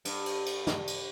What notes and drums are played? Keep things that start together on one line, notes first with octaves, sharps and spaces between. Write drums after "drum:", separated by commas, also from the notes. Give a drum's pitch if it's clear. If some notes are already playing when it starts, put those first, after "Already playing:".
G2, drum: cymbal
drum: cymbal
drum: cymbal
drum: snare
drum: cymbal